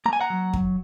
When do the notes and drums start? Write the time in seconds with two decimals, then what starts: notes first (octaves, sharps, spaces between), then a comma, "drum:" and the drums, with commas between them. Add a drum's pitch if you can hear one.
0.06 A#3 A#5
0.13 G#5
0.21 F#5 A#5
0.30 F#3
0.53 drum: kick F2